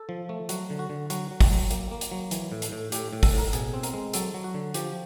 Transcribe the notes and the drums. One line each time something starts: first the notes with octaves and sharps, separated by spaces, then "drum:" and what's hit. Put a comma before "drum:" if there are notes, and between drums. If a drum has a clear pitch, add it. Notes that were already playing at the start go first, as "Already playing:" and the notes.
Already playing: A4
F3
A3
F#3 F#4, drum: hi-hat
D3
F#4
D3
F#3 F#4, drum: hi-hat
F#3
drum: kick, open hi-hat
F#3
A#3, drum: hi-hat
A#3
drum: hi-hat
F#3
E3, drum: hi-hat
A2
drum: hi-hat
A2
A2 G4, drum: hi-hat
A2
A4, drum: kick, open hi-hat
A2
A#4
B2 G#4, drum: hi-hat
C4
A#4, drum: hi-hat
G#3
F#3 A4, drum: hi-hat
F#3
F#4
D3
F3 G4, drum: hi-hat